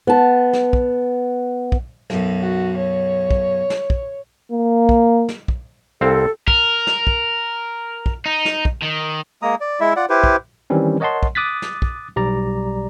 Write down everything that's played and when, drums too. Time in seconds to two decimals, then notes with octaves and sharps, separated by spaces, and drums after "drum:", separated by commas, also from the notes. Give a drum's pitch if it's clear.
0.07 B3 A5
0.53 drum: snare
0.73 drum: kick
1.72 drum: kick
2.10 B1 F#2, drum: snare
2.40 F#4
2.78 C#5
3.31 drum: kick
3.70 drum: snare
3.90 drum: kick
4.52 A#3
4.89 drum: kick
5.29 drum: snare
5.48 drum: kick
6.01 C2 C4 A4 F5
6.48 A#4, drum: kick
6.87 drum: snare
7.07 drum: kick
8.06 drum: kick
8.26 D#4
8.45 drum: snare
8.65 drum: kick
8.83 D#3
9.42 G#3 A#3 A#5 D#6
9.61 D5
9.80 G#3 E4 E5
9.96 F4 D5 F#5
10.10 E4 G4 B4 C5
10.24 drum: kick
10.70 D#3 E3 G3 C4 C#4
11.00 A#4 C#5 D#5 F#5 A5 C6
11.23 drum: kick
11.35 D6 D#6 F#6 A6 B6
11.62 drum: snare
11.82 drum: kick
12.16 B1 G3 D5 A#5